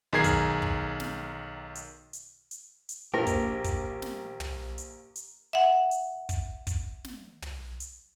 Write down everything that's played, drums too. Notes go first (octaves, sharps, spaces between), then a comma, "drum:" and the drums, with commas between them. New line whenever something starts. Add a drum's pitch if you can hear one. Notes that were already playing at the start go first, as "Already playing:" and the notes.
B1 D#3 G#4 A#4 G#6 C7
drum: kick, hi-hat
drum: kick
drum: snare
drum: hi-hat
drum: hi-hat
drum: hi-hat
drum: hi-hat
A#1 A#3 G4 A#4
drum: kick, hi-hat
drum: kick, hi-hat
drum: snare
drum: tom
drum: hi-hat
drum: hi-hat
E5 F#5
drum: hi-hat
drum: kick, hi-hat
drum: kick, hi-hat
drum: snare
drum: tom
drum: hi-hat